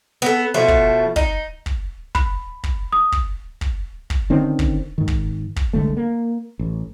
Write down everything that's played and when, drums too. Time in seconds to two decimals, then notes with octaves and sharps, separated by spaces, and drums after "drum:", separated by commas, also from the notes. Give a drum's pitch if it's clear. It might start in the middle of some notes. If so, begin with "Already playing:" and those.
0.22 B3 A4
0.54 B2 F3 A3
0.68 drum: kick
1.16 D#4, drum: kick
1.66 drum: kick
2.15 B5, drum: kick
2.64 drum: kick
2.93 D#6
3.12 drum: kick
3.61 drum: kick
4.10 drum: kick
4.30 D3 D#3 C4 C#4
4.59 drum: kick
4.98 G#2 D#3
5.08 drum: kick
5.56 drum: kick
5.73 C2 D3 G#3 A3
5.97 A#3
6.59 A1